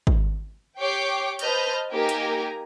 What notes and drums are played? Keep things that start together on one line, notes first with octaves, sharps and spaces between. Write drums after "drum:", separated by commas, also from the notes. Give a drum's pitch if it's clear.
drum: kick
G4 C#5 G5 D6 C7 C#7
B4 C5 D#5 A5 F6 G6, drum: hi-hat
A#3 D#4 G4 A#4 G#5 A#5
drum: hi-hat